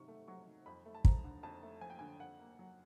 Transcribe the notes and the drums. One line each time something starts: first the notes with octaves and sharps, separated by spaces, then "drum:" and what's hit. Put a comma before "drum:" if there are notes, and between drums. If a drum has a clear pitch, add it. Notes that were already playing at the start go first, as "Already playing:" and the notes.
Already playing: C3 D#3 F#3 C#6
A3
F#3 C#6
D#3
F2 B5
A3
A5
F3 A#5, drum: kick
D3
F2 A5
A3
F3 G#5
G5
D3 G#5
F2 F#5
A#3
F#3